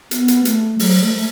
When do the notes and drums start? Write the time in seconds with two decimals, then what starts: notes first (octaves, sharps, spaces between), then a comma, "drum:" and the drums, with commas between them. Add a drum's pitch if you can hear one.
0.11 B3, drum: hi-hat
0.28 drum: hi-hat
0.45 A3, drum: hi-hat
0.79 F#3, drum: open hi-hat
1.02 A3
1.14 A3